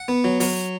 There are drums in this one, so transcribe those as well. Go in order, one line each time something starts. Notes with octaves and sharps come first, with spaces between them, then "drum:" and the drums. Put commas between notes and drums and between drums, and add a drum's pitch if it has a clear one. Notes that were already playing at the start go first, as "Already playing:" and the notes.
Already playing: F#5
B3
F#3
F#3, drum: open hi-hat